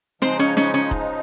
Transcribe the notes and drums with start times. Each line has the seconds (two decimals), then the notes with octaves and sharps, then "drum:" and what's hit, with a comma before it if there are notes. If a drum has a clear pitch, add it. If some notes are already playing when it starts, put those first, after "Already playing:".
0.22 C#3 F3 G#3 C4 D#4 C5, drum: snare
0.39 C#4 C#5
0.57 C#4 C#5, drum: snare
0.74 C#4 C#5
0.91 drum: kick